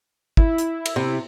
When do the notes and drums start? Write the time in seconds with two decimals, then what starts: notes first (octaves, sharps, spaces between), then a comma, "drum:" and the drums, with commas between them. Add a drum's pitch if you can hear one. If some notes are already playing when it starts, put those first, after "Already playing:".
0.37 E4, drum: kick
0.58 drum: hi-hat
0.86 drum: cymbal
0.96 C3